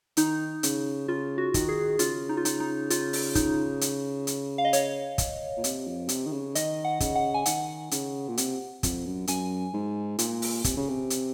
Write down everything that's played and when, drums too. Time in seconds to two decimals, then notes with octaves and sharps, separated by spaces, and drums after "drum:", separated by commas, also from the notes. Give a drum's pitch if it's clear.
0.17 D#3 D#4, drum: hi-hat
0.63 C#3, drum: hi-hat
1.08 C#3 F4
1.38 F#4
1.54 D#3, drum: kick, hi-hat
1.69 G#4
1.99 C#3 F4, drum: hi-hat
2.29 D#4
2.37 F4
2.45 D#4, drum: hi-hat
2.60 D#4
2.90 F4, drum: hi-hat
3.13 drum: open hi-hat
3.35 D#4, drum: kick, hi-hat
3.81 drum: hi-hat
4.27 drum: hi-hat
4.58 F5
4.65 D#5
4.73 C#5, drum: hi-hat
5.18 drum: kick, hi-hat
5.57 A#2
5.64 C3, drum: hi-hat
5.87 F2
6.09 C3, drum: hi-hat
6.26 D#3
6.32 C#3
6.55 D#3 D#5, drum: hi-hat
6.84 F#5
7.00 C#3, drum: kick, hi-hat
7.15 F#5
7.34 G#5
7.46 D#3 F#5, drum: hi-hat
7.91 C#3, drum: hi-hat
8.28 A#2
8.37 C3, drum: hi-hat
8.83 F2, drum: kick, hi-hat
9.06 F#2
9.27 F#2 G#5, drum: hi-hat
9.74 G#2
10.19 A#2, drum: hi-hat
10.42 drum: open hi-hat
10.64 C3, drum: kick, hi-hat
10.77 C#3
10.89 C3
11.10 drum: hi-hat